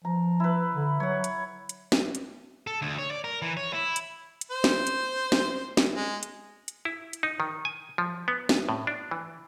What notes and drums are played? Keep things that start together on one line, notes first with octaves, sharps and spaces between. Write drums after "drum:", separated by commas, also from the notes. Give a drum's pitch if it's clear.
F3 A#5
E4 B4
D3
F#3 C#5 F#5
drum: hi-hat
drum: hi-hat
drum: snare
drum: hi-hat
A4
D2
C#5
D5
A#4
E3
C#5
E4
drum: hi-hat
drum: hi-hat
C5
drum: snare
drum: hi-hat
drum: snare
drum: snare
G#3
drum: hi-hat
drum: hi-hat
E4
drum: hi-hat
D#4
D#3
G#5
F3
B3
drum: snare
A2
D4
E3